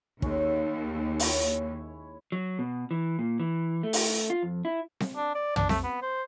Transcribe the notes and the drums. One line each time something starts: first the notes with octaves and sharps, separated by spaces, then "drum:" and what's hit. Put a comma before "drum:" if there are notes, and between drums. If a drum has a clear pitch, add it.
D#2 G#3 C#4, drum: kick
E4 C#5, drum: open hi-hat
F#3
B2
E3
A#2
E3
A3
drum: open hi-hat
F4
F2
E4
drum: snare C4
D4
D5
D4, drum: tom
A3, drum: snare C4
B3
C5